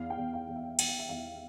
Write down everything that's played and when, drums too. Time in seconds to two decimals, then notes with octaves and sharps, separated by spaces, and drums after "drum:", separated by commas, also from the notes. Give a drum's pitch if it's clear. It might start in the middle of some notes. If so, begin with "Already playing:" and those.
Already playing: E2 F5
0.10 G5
0.17 E2
0.33 F5
0.48 E2
0.56 E5
0.79 E3 G5, drum: cymbal
0.89 F5
0.99 E5
1.09 E2 F5